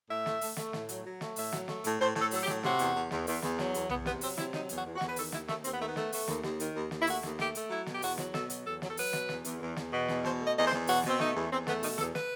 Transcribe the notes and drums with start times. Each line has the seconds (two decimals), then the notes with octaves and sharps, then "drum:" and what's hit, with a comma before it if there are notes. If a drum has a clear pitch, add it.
0.10 A2 E5
0.26 A3, drum: snare
0.41 A3, drum: open hi-hat
0.57 A3, drum: snare
0.73 A2, drum: snare
0.89 F#3, drum: hi-hat
1.05 F#3
1.21 A3, drum: snare
1.36 A2 E5, drum: open hi-hat
1.52 F#3, drum: snare
1.68 A3, drum: snare
1.84 A2, drum: hi-hat
1.99 A2 C5
2.15 A2, drum: snare
2.20 A4
2.31 F#3 A4, drum: open hi-hat
2.42 G4
2.47 A2, drum: snare
2.63 C3 F#4, drum: snare
2.79 E2, drum: hi-hat
2.94 E2
3.11 E2, drum: snare
3.27 E2, drum: open hi-hat
3.42 E2, drum: snare
3.59 F#3, drum: snare
3.74 E2, drum: hi-hat
3.89 E2 B3, drum: tom B1
4.06 C3 B3, drum: snare
4.21 F#3 C4, drum: open hi-hat
4.38 C3 E4, drum: snare
4.53 F#3 D#4, drum: snare
4.69 E2, drum: hi-hat
4.75 F#4
4.85 E2
4.96 F#4
5.01 E2, drum: snare
5.08 B4
5.16 D#3 A4, drum: open hi-hat
5.32 D#2 E4, drum: snare
5.48 D#2 A3, drum: snare
5.64 D#2 C4, drum: hi-hat
5.72 B3
5.80 D#3 A3
5.87 B3
5.96 A3, drum: snare
6.12 A3, drum: open hi-hat
6.28 D#2, drum: snare
6.43 D#2, drum: snare
6.60 D#3, drum: hi-hat
6.75 D#2
6.91 D#2, drum: snare
7.01 E4
7.07 A3 F#4, drum: open hi-hat
7.23 D#2, drum: snare
7.39 A3 G4, drum: snare
7.55 A3, drum: hi-hat
7.70 F#3 E4
7.86 B2, drum: snare
7.93 G4
8.02 E2 F#4, drum: open hi-hat
8.18 F#3, drum: snare
8.34 B2 A4, drum: snare
8.50 F#3, drum: hi-hat
8.65 E2 A4
8.82 F#3, drum: snare
8.90 A4
8.97 F#3 B4, drum: open hi-hat
9.13 B2, drum: snare
9.29 E2, drum: snare
9.45 E2, drum: hi-hat
9.61 E2
9.76 E2, drum: snare
9.92 B2
10.08 E2, drum: snare
10.25 B2 C5, drum: snare
10.39 A3
10.45 D#5
10.55 E2 D#5
10.66 C5
10.72 E2, drum: snare
10.87 B2 F#4, drum: open hi-hat
11.04 B2 C4, drum: snare
11.20 A3 D#4, drum: snare
11.35 E2
11.51 E2 C4
11.67 A3 B3, drum: snare
11.83 B2 D#4, drum: open hi-hat
11.98 E2 A4, drum: snare
12.15 B4, drum: snare